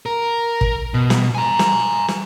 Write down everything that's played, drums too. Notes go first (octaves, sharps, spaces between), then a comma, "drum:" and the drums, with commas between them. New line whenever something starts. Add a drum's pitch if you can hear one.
A#4
drum: kick
B2
drum: snare
G#5 A#5
drum: snare
drum: snare